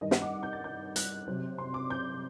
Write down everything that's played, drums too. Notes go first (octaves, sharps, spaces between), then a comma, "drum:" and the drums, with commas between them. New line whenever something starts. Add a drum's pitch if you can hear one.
G2 D#3 G3 D#5
F#5, drum: snare
D6
G6
A6
G6
F#6, drum: hi-hat
C3 F#3 C4
C6
D6
G6